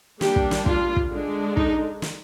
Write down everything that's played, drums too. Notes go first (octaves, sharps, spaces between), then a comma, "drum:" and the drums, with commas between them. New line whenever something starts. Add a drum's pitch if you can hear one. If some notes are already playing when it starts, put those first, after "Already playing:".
G3 A#3 D4 G4, drum: snare
drum: kick
drum: snare
F4, drum: kick
drum: kick
D3 G#3 D4
D#4, drum: kick
drum: snare